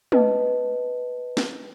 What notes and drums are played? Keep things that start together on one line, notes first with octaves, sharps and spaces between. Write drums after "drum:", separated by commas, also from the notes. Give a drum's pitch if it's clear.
B4 D#5 A5, drum: tom
drum: snare